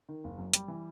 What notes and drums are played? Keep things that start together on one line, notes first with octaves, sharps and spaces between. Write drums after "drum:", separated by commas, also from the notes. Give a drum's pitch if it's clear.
D#3
F#1
F#2
G3, drum: hi-hat
E3